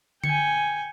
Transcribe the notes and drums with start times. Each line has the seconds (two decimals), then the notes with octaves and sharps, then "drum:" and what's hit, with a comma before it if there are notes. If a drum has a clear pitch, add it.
0.24 G5 G#5 C#7, drum: tom D3